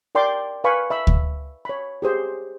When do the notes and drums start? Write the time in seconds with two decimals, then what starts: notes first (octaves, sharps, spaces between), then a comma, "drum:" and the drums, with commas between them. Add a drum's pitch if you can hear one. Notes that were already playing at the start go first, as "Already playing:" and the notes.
0.15 A#4 D5 G5 C6 D6
0.64 B4 F5 G#5 B5 C#6
0.90 E5 B5 E6
1.07 drum: kick D2
1.65 C#5 B5
2.02 G4 G#4 C5